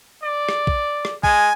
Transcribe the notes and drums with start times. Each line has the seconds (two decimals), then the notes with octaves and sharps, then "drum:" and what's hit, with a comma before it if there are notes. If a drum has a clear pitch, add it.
0.23 D5
0.49 drum: rim click
0.67 drum: kick
1.05 drum: rim click
1.24 G#3 G#5, drum: kick